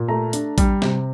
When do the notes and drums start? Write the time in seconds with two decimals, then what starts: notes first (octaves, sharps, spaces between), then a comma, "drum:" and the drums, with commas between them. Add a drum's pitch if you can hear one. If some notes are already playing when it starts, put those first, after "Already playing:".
Already playing: A#2
0.09 A3 A#5
0.33 D4, drum: hi-hat
0.58 G3, drum: kick A1, hi-hat
0.82 C3, drum: snare